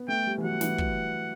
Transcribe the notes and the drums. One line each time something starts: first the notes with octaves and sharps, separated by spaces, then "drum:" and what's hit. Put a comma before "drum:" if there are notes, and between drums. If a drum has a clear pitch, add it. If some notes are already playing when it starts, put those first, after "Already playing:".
Already playing: B3
A3 G5
G3
E3
F#3 F#5
E3, drum: snare
F#3, drum: kick